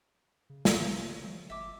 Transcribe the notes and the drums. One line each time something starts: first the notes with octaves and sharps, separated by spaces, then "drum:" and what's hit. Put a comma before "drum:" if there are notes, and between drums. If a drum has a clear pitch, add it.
C#3
A#1 C#5, drum: snare
C#3
F3
G1 E5 D6